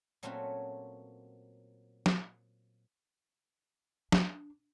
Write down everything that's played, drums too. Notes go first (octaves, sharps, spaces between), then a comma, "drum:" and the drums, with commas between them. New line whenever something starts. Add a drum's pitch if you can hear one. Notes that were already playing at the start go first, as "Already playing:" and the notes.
A#2 F#3 A3 C4 C#4 F#4
drum: snare
D4, drum: snare